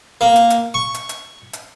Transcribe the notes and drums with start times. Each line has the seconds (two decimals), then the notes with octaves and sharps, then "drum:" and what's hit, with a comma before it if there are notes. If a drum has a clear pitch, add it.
0.21 A#3
0.36 drum: hi-hat
0.50 drum: hi-hat
0.74 C#6
0.94 drum: hi-hat
1.09 drum: hi-hat
1.53 drum: hi-hat